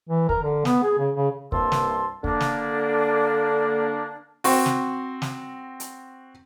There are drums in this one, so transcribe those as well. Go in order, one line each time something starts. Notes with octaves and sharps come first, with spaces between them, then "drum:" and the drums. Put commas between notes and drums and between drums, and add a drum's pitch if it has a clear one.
E3
A#4, drum: kick
D3
B3, drum: snare
G#4
C#3
C#3
C2 G2 A#3 E5 A5 C6, drum: kick
drum: snare
D3 A#3 D4, drum: kick
drum: snare
C4 F#4, drum: open hi-hat
drum: snare
drum: snare
drum: hi-hat